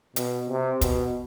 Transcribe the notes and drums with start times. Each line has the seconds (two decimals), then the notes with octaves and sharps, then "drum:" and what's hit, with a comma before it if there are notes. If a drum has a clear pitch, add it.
0.16 B2, drum: hi-hat
0.49 C3
0.81 B2, drum: kick, hi-hat